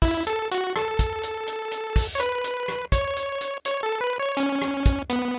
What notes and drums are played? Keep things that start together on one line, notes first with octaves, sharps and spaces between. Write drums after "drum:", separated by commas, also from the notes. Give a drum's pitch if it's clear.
E4, drum: kick, open hi-hat
A4, drum: hi-hat
F#4, drum: hi-hat
A4, drum: rim click
drum: kick, hi-hat
drum: hi-hat
drum: hi-hat
drum: hi-hat
drum: kick, open hi-hat
C#5
B4, drum: hi-hat
drum: hi-hat
drum: rim click
C#5, drum: kick, hi-hat
drum: hi-hat
drum: hi-hat
C#5, drum: hi-hat
A4
B4
C#5
C#4, drum: hi-hat
drum: rim click
drum: kick, hi-hat
B3, drum: hi-hat